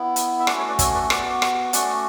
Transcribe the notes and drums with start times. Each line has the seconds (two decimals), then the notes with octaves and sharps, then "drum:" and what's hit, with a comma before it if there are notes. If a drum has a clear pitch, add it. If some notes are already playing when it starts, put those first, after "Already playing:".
Already playing: B3 E4
0.16 drum: hi-hat
0.40 E5
0.47 A3 C#4 F#4 D5 F#5, drum: rim click
0.58 C#5 E5
0.68 B4 D5
0.79 A4 C#5, drum: kick, hi-hat
0.95 B4 D5
1.10 B3 F#4 D5 F#5, drum: rim click
1.42 drum: rim click
1.73 A3 C#4 F#4 D5 F#5, drum: hi-hat